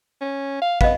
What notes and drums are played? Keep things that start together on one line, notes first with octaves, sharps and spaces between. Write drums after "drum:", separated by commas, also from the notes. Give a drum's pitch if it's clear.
C#4
F5
B3 D#5 F5, drum: kick